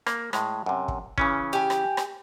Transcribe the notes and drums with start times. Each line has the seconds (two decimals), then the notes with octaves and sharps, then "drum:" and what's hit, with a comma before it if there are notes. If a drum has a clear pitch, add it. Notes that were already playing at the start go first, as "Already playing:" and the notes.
0.07 A#3, drum: rim click
0.33 A2 G#3, drum: rim click
0.66 F#2 C3
0.88 drum: kick
1.18 C#3 E3 C#4, drum: kick
1.53 G4 G#5
1.70 drum: rim click
1.97 drum: rim click